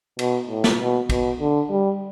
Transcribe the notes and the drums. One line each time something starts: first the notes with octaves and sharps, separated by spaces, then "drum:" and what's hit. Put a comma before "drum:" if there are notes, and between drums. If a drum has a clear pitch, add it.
B2, drum: cymbal
A2
drum: snare
B2
B2, drum: kick, cymbal
D3
G3